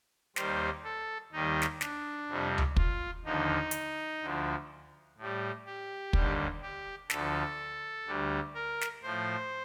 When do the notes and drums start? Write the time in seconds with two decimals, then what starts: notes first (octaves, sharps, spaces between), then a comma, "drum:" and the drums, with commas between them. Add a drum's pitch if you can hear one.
0.36 D#2 D#3 G3 C5, drum: snare
0.84 A4
1.32 D#2 D#3 G3 D#4
1.62 drum: snare
1.81 D4, drum: snare
2.28 F2 C3 G3
2.58 drum: tom C#2
2.76 F4, drum: kick
3.25 D#2 D3 F3 D#4
3.71 drum: hi-hat
4.21 D2 D3 F3
5.18 A2 G3
5.66 G4
6.13 D#2 D3 G3, drum: kick
6.61 G4
7.10 D2 D3 F3 A4, drum: snare
8.07 D2 D3 G3
8.54 A#4
8.81 drum: snare
9.02 A2 F3 C5